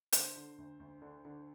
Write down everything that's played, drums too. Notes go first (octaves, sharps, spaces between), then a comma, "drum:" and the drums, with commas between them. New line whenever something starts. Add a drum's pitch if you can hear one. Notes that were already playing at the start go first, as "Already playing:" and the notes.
D3 C5, drum: hi-hat
D3
D2
D2
D3
D3